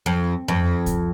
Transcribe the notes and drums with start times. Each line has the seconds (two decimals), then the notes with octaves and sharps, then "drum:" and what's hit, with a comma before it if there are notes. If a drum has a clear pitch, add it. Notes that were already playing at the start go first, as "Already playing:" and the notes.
0.06 F2
0.48 F2, drum: tom F2
0.86 drum: kick C2, hi-hat